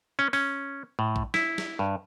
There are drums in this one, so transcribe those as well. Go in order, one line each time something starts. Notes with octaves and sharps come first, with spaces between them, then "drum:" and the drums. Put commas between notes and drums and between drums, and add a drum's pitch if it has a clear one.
C#4
C#4, drum: open hi-hat
A2
drum: kick A#1
E4, drum: snare
drum: snare
G2